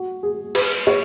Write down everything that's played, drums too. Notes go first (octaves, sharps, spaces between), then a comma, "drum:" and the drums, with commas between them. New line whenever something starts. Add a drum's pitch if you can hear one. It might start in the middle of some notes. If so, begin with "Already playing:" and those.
Already playing: F#4
G#4
B4, drum: cymbal
C#5